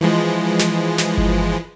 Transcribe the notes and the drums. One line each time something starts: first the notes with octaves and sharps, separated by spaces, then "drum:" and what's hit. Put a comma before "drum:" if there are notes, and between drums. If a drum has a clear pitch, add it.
E3 F3 G#3
drum: snare
drum: snare
drum: kick G1